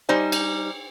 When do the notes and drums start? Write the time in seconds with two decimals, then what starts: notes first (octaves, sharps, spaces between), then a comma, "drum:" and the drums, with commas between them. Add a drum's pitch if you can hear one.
0.09 G3 D#4 C5 G#5
0.32 drum: cymbal